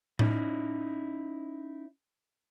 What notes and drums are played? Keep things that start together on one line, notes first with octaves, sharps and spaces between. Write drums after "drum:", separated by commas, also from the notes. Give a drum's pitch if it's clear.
C#4 D#4 E4, drum: tom A2